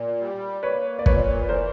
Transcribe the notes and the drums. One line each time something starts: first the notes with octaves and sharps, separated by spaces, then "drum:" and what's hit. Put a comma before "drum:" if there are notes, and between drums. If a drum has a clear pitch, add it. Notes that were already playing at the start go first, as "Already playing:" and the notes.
Already playing: A#2
G3
A#3 B4 C#5
D5
A#2 B4 C#5, drum: kick
B4
E3 A#4 C5